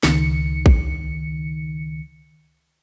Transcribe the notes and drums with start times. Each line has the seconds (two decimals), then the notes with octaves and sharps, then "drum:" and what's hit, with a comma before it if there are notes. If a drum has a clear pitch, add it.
0.03 C#2 D#3 C#7, drum: snare
0.66 drum: kick A#1